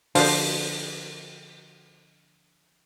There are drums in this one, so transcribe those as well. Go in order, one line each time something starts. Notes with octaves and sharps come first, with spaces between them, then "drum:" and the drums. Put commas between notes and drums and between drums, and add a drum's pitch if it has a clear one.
D3 F3 B3 D4 C5 F5, drum: open hi-hat